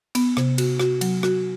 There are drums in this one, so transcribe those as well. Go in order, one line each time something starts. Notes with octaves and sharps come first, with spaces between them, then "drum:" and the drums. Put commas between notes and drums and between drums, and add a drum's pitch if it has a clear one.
B3, drum: cymbal
C3, drum: rim click
F#4, drum: cymbal
F#4, drum: rim click
F#3, drum: cymbal
F#4, drum: rim click